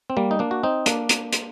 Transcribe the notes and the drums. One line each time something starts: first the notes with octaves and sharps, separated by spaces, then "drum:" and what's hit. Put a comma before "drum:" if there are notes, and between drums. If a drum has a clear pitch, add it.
C4
G3 A#3
D#4
A#3 D4
F#4
C4 D#4
A#3 D4, drum: hi-hat
drum: hi-hat
drum: hi-hat